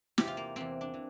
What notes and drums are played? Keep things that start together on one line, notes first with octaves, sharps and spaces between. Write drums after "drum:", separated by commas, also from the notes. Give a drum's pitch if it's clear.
E2 C3 E3 G4, drum: snare
F4
A#3
E2 C3 E3 C4
D4
E3